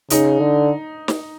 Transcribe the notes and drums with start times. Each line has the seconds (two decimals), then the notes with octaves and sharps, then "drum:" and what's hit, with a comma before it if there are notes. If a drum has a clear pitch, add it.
0.10 C#3 D#4, drum: hi-hat
0.40 D3
1.08 drum: snare